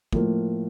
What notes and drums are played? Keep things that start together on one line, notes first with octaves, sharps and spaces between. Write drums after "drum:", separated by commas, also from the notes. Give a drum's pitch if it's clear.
A2 F3 A#3, drum: kick